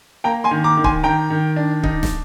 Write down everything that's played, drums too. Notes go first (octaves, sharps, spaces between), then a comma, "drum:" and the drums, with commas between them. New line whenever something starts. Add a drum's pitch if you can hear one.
A#3 G5 A#5
G#5 C6
D#3
A#5 D6
D#3
G#5 C6, drum: kick
D#3 G5 A#5
D#3
D4
D#4, drum: kick
drum: snare